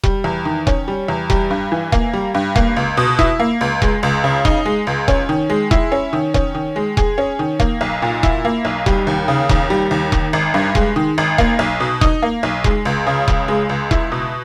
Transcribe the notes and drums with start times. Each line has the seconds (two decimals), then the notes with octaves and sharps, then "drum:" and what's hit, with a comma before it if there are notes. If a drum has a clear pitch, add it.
0.04 G3, drum: kick E1
0.24 E2
0.45 D#3
0.67 C#4, drum: kick E1
0.88 G3
1.08 E2
1.30 G3, drum: kick E1
1.51 G2
1.72 E3
1.92 A#3, drum: kick E1
2.13 G3
2.35 G2
2.56 A#3, drum: kick E1
2.77 C#2
2.97 B2
3.19 E4, drum: kick E1
3.40 A#3
3.61 C#2
3.82 G#3, drum: kick E1
4.03 C#2
4.24 C#3
4.45 D#4, drum: kick E1
4.66 G#3
4.87 C#2
5.08 C#4, drum: kick E1
5.29 D#3
5.50 G#3
5.71 E4, drum: kick E1
5.92 C#4
6.13 D#3
6.34 C#4, drum: kick E1
6.55 D#3
6.76 G#3
6.97 G#4, drum: kick E1
7.18 C#4
7.39 D#3
7.60 A#3, drum: kick E1
7.81 B1
8.02 A#2
8.23 E4, drum: kick E1
8.45 A#3
8.65 B1
8.86 G3, drum: kick E1
9.07 D#2
9.28 C#3
9.49 D#2, drum: kick E1
9.70 G3
9.91 D#2
10.12 D#3, drum: kick E1
10.33 G#1
10.54 G2
10.75 G#3, drum: kick E1
10.96 D#3
11.18 G#1
11.38 A#3, drum: kick E1
11.59 B1
11.80 B2
12.01 D#4, drum: kick E1
12.23 A#3
12.43 B1
12.64 G#3, drum: kick E1
12.85 C#2
13.07 C#3
13.28 C#2, drum: kick E1
13.48 G#3
13.69 C#2
13.91 E4, drum: kick E1
14.12 B2